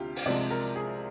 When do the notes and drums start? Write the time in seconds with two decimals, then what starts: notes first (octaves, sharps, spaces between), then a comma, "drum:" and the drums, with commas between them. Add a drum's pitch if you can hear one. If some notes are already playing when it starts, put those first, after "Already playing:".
Already playing: D2 C3 F4 G4
0.16 drum: open hi-hat
0.26 C2 C3 F3 G#3 D5
0.50 A#4
0.76 G#4